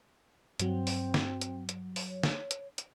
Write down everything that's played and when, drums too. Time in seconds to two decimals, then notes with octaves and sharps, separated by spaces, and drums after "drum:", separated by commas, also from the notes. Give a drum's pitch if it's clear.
0.59 G2 F#3 C4, drum: hi-hat
0.87 drum: open hi-hat
1.14 drum: snare
1.41 drum: hi-hat
1.69 drum: hi-hat
1.96 drum: open hi-hat
2.08 C#5
2.23 drum: snare
2.51 drum: hi-hat
2.78 drum: hi-hat